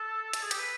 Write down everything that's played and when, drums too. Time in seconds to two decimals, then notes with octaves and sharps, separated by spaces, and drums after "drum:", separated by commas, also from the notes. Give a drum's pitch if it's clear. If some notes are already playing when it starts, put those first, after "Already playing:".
Already playing: A4
0.33 A4, drum: hi-hat
0.42 G#4
0.51 G4, drum: hi-hat
0.59 B4